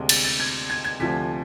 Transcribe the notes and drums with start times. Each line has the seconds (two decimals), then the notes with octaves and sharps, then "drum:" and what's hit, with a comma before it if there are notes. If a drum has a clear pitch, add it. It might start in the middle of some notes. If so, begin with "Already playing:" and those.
Already playing: D2 C3 G#3
0.09 A6, drum: cymbal
0.24 A6
0.40 G#6
0.70 G#6
0.85 G#6
1.00 D2 C3 F3 A3 B6